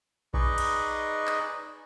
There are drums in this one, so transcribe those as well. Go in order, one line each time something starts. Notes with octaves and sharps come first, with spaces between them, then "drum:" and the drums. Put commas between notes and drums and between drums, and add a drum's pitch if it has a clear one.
D#4 G#4 B4 D5 D#5 C#6, drum: kick A#1
drum: cymbal
drum: clap